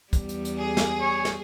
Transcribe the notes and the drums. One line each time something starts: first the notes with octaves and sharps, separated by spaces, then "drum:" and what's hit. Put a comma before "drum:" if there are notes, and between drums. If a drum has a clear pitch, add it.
E2 G3, drum: kick, hi-hat
drum: hi-hat
drum: hi-hat
G#4
drum: snare
C#5
drum: snare